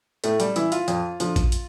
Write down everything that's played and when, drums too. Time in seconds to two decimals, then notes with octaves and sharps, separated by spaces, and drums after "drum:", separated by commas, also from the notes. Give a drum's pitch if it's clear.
0.24 A2 A3, drum: hi-hat
0.40 G3, drum: hi-hat
0.56 E3 E4, drum: hi-hat
0.72 F4, drum: hi-hat
0.88 F2, drum: hi-hat
1.20 D3 F3, drum: hi-hat
1.36 drum: kick, hi-hat
1.52 drum: hi-hat